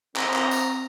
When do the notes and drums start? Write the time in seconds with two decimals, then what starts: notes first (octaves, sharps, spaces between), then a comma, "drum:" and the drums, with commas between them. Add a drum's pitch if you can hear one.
0.16 C4 A#5, drum: clap
0.34 drum: clap
0.51 drum: tambourine